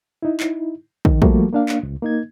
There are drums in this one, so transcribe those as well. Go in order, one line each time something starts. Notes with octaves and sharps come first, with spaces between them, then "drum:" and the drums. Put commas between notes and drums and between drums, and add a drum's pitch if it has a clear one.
D#4 E4
drum: clap
D#3, drum: kick
F3 G3 A3 A#3 F#4, drum: kick
A#3 D4 F5
drum: clap
C#2
A#3 D#4 G#6